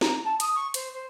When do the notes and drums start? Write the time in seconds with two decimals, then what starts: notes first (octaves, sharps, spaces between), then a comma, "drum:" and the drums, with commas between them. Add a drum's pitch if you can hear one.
0.01 A#5, drum: snare
0.25 A5
0.40 D#6, drum: hi-hat
0.55 C#6
0.74 C5, drum: hi-hat
0.94 C5